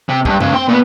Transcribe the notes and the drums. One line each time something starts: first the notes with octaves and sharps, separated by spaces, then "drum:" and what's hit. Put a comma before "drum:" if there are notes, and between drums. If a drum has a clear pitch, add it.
C3
E2 G2, drum: kick
G#2 C#3, drum: tom F#2
C4 C6
A#2 B3